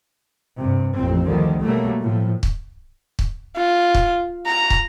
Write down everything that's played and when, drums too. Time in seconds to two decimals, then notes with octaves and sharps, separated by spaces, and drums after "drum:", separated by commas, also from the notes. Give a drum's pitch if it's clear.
0.59 G2 C3
0.95 A1 F2 A#2 C4
1.26 D2 D3 D#3 F3 G3
1.63 B2 F#3 G3 A3 A#3
2.02 A2 F3
2.43 drum: kick
3.19 drum: kick
3.57 F4
3.95 drum: kick
4.47 A#5
4.70 drum: kick